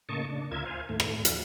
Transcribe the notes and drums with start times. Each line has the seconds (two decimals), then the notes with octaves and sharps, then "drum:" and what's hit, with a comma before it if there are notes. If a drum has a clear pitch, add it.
0.09 A2 C#3 A#3 D#5 A5 C#6
0.28 C#3 D4
0.51 D2 F4 A#4 E5 G#6
0.66 C5 F5 G#5
0.89 D#2 A2 A3
1.00 drum: rim click
1.25 F3, drum: hi-hat